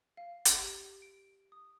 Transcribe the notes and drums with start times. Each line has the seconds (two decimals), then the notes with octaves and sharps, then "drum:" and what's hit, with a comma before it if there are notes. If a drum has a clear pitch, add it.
0.17 F5
0.45 drum: hi-hat
0.58 G4
1.02 D7
1.52 D#6